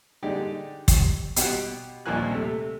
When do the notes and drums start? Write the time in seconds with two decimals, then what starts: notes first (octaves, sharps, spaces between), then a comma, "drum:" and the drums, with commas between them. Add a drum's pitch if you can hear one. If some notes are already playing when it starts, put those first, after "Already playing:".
0.23 D3 G#3 D#4 G4 D5
0.88 drum: kick, hi-hat
1.36 B2 G4 F#5, drum: hi-hat
2.06 A#1 D#2 F3 A#3 G#5 F#6
2.31 C3 A3